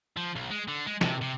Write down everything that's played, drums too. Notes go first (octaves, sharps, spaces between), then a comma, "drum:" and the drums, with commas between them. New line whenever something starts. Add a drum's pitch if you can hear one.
F3
B1
G#3
D3
G#3
C3, drum: snare
C3